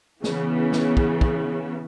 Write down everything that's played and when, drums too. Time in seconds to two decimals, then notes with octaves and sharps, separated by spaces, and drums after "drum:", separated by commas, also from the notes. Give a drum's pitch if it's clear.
0.24 C#3 E3 B3, drum: snare
0.72 drum: snare
0.97 drum: kick
1.21 drum: kick